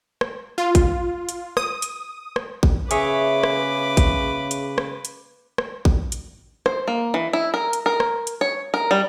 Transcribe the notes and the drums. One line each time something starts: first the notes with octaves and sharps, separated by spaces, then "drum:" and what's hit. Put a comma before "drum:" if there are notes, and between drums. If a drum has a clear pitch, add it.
drum: rim click
F4
drum: kick A1, hi-hat
drum: hi-hat
D#6, drum: rim click
drum: hi-hat
drum: rim click
drum: kick A1
C#3 G#4 B4 C#5 E5 G#5 D6, drum: hi-hat
drum: rim click
drum: kick A1, hi-hat
drum: hi-hat
drum: rim click
drum: hi-hat
drum: rim click
drum: kick A1
drum: hi-hat
C5, drum: rim click
A#3
E3
E4
A#4
drum: hi-hat
A#4
drum: rim click
drum: hi-hat
C#5
A#4
G3